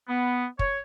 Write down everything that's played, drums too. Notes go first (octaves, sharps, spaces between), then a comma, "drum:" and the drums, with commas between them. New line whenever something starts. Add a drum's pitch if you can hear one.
B3
C#5, drum: kick